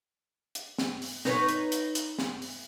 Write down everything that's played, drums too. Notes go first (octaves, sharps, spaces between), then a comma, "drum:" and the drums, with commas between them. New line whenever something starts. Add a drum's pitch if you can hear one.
drum: hi-hat
drum: snare
drum: open hi-hat
D#4 B4 C#5, drum: snare
drum: hi-hat
drum: hi-hat
drum: hi-hat
drum: snare
drum: open hi-hat